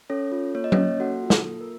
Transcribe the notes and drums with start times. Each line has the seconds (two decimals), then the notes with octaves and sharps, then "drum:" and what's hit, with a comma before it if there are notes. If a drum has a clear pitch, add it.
0.10 C#4 A4 C#5
0.32 F4
0.55 A#3 C#5
0.64 D#5
0.72 C#4 C#5, drum: tom F#3
0.78 A#3
1.00 F#4 A4 F#5
1.23 F4
1.30 A4, drum: snare
1.45 A#3
1.61 A#4